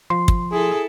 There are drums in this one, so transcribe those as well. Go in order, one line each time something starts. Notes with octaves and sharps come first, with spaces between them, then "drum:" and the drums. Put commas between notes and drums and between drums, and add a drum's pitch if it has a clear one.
F3 C6
drum: kick
E4 G#4 A4